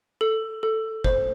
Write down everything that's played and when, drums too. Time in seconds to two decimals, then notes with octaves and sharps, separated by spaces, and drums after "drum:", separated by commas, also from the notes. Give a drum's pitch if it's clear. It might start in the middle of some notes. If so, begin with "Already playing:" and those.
0.21 A4
0.63 A4
1.04 C5, drum: kick F#1